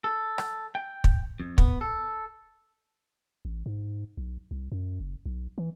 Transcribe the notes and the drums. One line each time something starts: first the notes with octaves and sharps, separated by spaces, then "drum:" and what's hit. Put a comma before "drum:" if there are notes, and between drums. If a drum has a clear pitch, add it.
A4
drum: rim click
G5
drum: kick
F2
B3, drum: kick
A4
A1
G#2
B1
C2
F#2
F#1
B1
E3